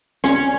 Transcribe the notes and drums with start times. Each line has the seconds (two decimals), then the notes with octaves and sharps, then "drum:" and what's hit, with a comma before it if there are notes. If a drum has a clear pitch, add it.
0.24 C#4, drum: rim click